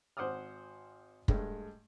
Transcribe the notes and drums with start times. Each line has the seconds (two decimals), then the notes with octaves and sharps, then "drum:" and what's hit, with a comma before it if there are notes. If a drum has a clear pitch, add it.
0.17 G#1 C5 F#5 D6 D#6 F6
1.28 G2 G#3 A3, drum: kick